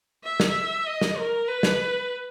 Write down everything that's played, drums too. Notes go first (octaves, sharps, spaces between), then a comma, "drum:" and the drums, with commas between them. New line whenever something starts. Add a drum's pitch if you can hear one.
E5
drum: snare
D#5
drum: snare
A#4
B4
drum: snare